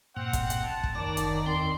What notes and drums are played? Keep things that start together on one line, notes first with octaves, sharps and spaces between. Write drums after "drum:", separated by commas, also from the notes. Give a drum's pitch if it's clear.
G2 A#2 A#3 C4 F#5
drum: kick, hi-hat
drum: hi-hat
A5
drum: kick
F#1 F#2 D#3 D5 A#5
drum: hi-hat
E2 C4 G5 C6